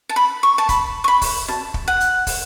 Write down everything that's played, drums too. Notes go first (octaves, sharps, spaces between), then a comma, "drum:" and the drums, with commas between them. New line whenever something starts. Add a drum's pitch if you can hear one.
A5
B5
C#6
A5
B5, drum: kick, hi-hat
C#6
B5
drum: kick, open hi-hat
A5, drum: snare
drum: kick
F#5
drum: hi-hat
drum: kick, open hi-hat